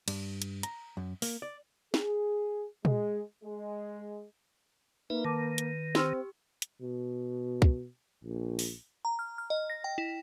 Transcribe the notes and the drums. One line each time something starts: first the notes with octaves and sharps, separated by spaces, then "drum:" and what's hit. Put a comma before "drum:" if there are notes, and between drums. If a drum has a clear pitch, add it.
G2, drum: cymbal
drum: hi-hat
A#5, drum: hi-hat
F#2
A#3, drum: open hi-hat
D5
G#4, drum: snare
G#3, drum: tom A#2
G#3
A#3 D#4 B4 E5
D#3 A5 D6
drum: hi-hat
C4 G4 C6 E6 F6, drum: snare
drum: hi-hat
B2
drum: kick
A#1
drum: open hi-hat
A#5
F6
F6
D#5
A#6
G5
E4